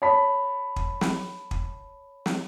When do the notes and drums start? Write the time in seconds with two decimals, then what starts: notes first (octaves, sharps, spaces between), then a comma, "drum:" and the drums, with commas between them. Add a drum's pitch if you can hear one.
0.02 C#5 A5 B5 B6
0.76 drum: kick
1.01 drum: snare
1.51 drum: kick
2.26 drum: snare